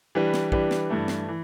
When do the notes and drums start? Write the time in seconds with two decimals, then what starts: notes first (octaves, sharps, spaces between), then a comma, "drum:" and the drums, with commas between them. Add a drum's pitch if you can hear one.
0.15 E3 G3 D4 G4 B4
0.34 drum: snare
0.52 E3 G3 D4 G4 B4, drum: kick
0.71 drum: snare
0.90 G2 E3 A3
1.08 drum: snare
1.28 E3